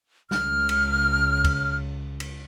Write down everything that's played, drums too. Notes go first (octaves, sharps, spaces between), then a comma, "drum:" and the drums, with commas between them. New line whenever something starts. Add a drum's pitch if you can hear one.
C#2 F6, drum: snare
drum: cymbal
drum: kick C#2, cymbal
drum: cymbal